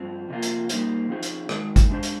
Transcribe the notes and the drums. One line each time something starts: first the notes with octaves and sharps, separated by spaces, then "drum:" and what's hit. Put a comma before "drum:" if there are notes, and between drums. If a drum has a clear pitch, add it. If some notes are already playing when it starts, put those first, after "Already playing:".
Already playing: G2 F3 C4
F2 C3 F3 A#3 F4
drum: hi-hat
G3 A#3 D#4 G4 C5, drum: hi-hat
F3 C4 D#4 G#4 C5
drum: hi-hat
D#3 G#3 D#4, drum: rim click
drum: kick G#1, hi-hat
G#3 D4 G4 C5
drum: hi-hat